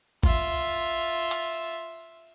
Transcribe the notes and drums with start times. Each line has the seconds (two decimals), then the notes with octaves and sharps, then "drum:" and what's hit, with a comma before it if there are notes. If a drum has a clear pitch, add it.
0.23 F4 E5, drum: kick G#1
1.31 drum: hi-hat